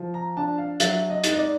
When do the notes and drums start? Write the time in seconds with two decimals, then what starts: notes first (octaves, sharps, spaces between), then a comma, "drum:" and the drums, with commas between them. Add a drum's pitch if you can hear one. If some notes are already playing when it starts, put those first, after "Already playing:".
Already playing: F3
0.14 A#5
0.37 D4 A5
0.58 F5
0.80 F#3 E5, drum: hi-hat
1.09 D#5
1.24 G#2, drum: hi-hat
1.34 D#5
1.38 D5